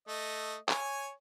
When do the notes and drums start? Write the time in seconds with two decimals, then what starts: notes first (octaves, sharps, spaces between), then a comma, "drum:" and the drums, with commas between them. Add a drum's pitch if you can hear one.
0.08 A3 D#5
0.69 C#5 G#5, drum: clap